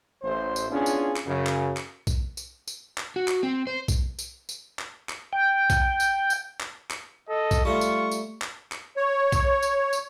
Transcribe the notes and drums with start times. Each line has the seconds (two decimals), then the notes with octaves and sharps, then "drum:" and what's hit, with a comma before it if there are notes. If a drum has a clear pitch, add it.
0.22 A1 C5
0.56 drum: tambourine
0.69 B3 C#4 D4 E4 F4 G#4
0.86 drum: tambourine
1.16 drum: clap
1.26 F#2 C#3
1.47 drum: clap
1.77 drum: clap
2.07 drum: kick B1, tambourine
2.37 drum: tambourine
2.67 drum: tambourine
2.98 drum: clap
3.16 F#4
3.28 drum: clap
3.43 C4
3.67 C5
3.88 drum: kick B1, tambourine
4.19 drum: tambourine
4.49 drum: tambourine
4.79 drum: clap
5.09 drum: clap
5.33 G5
5.70 drum: kick B1, tambourine
6.00 drum: tambourine
6.30 drum: tambourine
6.60 drum: clap
6.91 drum: clap
7.29 A4 D#5
7.51 drum: kick B1, tambourine
7.65 G3 A3 F4 C#6
7.81 drum: tambourine
8.11 drum: tambourine
8.42 drum: clap
8.72 drum: clap
8.97 C#5
9.32 drum: kick B1, tambourine
9.63 drum: tambourine
9.93 drum: tambourine